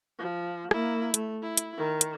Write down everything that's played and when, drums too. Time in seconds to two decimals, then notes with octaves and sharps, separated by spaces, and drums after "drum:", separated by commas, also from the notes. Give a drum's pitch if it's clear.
0.19 F3
0.71 A#3 E4, drum: rim click
1.14 A3, drum: hi-hat
1.43 E4
1.57 drum: hi-hat
1.78 D#3
2.01 drum: hi-hat